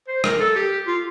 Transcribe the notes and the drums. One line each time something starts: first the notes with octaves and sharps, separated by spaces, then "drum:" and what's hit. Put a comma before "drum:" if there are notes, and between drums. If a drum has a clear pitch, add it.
C5
A#4, drum: rim click
A4
G4
F4